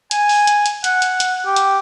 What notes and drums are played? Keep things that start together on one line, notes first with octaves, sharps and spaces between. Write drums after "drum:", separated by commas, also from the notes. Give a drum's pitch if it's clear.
G#5, drum: hi-hat
drum: open hi-hat
drum: hi-hat
drum: hi-hat
F#5, drum: hi-hat
drum: hi-hat
drum: hi-hat
G4
drum: hi-hat